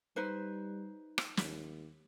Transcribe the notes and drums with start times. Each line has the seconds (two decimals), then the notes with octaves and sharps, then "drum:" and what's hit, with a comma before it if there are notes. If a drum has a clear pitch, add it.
0.16 G3 D#4 B4 C5
1.18 drum: rim click
1.37 D#2, drum: snare